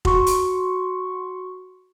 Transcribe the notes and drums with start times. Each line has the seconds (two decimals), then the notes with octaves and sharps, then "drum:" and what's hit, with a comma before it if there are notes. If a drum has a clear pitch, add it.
0.05 F#4 C6 C#6, drum: kick F1
0.26 drum: hi-hat